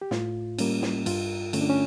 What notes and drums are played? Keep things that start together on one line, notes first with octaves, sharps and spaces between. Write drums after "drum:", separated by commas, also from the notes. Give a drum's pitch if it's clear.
G4
A2 F4, drum: snare
G3 A#3 C#4, drum: cymbal
drum: snare
G2 F4, drum: cymbal
D3 A3 C#4, drum: cymbal
D4
C#4